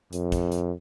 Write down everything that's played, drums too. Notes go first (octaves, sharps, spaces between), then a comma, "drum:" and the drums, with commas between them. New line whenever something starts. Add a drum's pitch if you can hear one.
F2, drum: hi-hat
drum: kick, hi-hat
drum: hi-hat